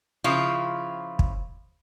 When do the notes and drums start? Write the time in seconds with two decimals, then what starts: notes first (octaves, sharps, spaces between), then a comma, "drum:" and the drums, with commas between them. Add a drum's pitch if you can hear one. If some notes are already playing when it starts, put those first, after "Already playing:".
0.24 C#3 F3 E4 F4
1.19 drum: kick